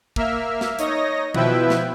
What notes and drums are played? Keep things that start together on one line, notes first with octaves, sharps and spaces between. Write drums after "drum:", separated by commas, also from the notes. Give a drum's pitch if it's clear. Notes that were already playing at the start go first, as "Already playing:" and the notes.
A#3 E5 F6, drum: kick
drum: snare
D#4 C#5 D#5 A#6, drum: hi-hat
B2 F3 E4 B4 E5 G5, drum: tom D#3
drum: snare